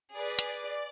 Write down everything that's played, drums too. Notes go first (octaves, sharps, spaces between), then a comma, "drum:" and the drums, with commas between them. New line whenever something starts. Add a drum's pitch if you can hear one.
G#4 B4 D5
drum: hi-hat